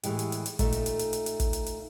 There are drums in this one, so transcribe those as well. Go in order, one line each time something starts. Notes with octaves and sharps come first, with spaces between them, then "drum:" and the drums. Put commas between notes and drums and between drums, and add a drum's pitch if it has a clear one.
A2 E3 G#3 G4, drum: hi-hat
drum: hi-hat
drum: hi-hat
drum: hi-hat
A#2 A3 D#4, drum: kick, hi-hat
drum: hi-hat
drum: hi-hat
drum: hi-hat
drum: hi-hat
drum: hi-hat
drum: kick, hi-hat
drum: hi-hat
drum: hi-hat